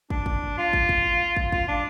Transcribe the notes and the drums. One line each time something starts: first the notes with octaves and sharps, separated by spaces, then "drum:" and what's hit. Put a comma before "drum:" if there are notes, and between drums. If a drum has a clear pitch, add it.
D4, drum: kick
drum: kick
F4
drum: kick
drum: kick
drum: kick
F4, drum: kick
D4